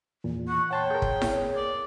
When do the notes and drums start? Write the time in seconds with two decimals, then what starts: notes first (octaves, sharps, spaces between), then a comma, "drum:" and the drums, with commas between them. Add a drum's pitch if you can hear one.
0.24 E2 A#2
0.48 F#5 C#6
0.71 C#5 F#5 G5 A5 C6
0.90 G#4 A#4 G6
1.02 drum: kick
1.22 drum: snare E4
1.56 D5